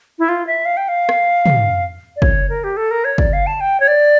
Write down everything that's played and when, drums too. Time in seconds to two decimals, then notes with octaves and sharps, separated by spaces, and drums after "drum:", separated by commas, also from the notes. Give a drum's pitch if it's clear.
0.19 E4
0.29 F4
0.47 E5
0.65 F5
0.77 G5
0.88 F5
1.09 drum: rim click
1.46 drum: tom
2.16 D5
2.22 C#5, drum: kick
2.50 A#4
2.64 G4
2.77 A4
2.91 A#4
3.05 C#5
3.18 D5, drum: kick
3.33 F5
3.47 A5
3.60 G5
3.80 C#5
3.88 D5